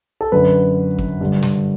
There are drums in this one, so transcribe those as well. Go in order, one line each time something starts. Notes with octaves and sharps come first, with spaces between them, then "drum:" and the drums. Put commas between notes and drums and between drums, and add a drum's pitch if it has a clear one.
A4
F#2 D3 B4
drum: kick F2
G2 D3
drum: snare